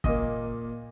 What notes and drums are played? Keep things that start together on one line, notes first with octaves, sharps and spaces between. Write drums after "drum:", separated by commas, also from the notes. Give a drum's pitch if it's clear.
A#2 A#3 D#5, drum: kick